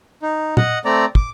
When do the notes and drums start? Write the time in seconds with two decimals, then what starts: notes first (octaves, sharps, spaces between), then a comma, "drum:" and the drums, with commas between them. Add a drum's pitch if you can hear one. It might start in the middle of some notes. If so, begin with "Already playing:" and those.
0.22 D#4
0.57 D#5 F#5, drum: tom
0.85 A3 C4 D5 A#5
1.15 D6, drum: kick